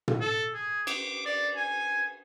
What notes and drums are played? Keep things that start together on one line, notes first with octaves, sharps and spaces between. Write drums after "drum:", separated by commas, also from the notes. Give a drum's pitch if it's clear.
drum: tom
A4
G#4
D6, drum: cymbal
D5
G#5